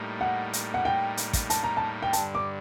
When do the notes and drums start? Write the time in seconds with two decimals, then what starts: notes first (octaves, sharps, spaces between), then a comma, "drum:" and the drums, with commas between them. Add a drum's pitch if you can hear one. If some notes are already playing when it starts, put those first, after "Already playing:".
Already playing: A2 G3 A#3 D#4
0.21 F#5
0.53 drum: hi-hat
0.74 F#5
0.85 G5
1.17 drum: hi-hat
1.33 drum: kick, hi-hat
1.50 A5, drum: hi-hat
1.63 A#5
1.77 A5
2.03 G5
2.13 G2 D3 G3 A5, drum: hi-hat
2.35 D6